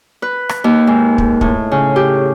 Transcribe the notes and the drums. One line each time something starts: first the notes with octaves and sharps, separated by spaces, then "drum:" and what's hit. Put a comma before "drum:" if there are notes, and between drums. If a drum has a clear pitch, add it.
B4
drum: rim click
D#2
G#2
drum: kick
A2, drum: kick
C#3
G4